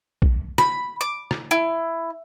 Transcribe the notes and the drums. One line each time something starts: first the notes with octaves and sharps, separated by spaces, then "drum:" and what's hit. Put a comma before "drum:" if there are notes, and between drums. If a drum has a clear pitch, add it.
drum: kick
B5, drum: rim click
D6
drum: rim click
E4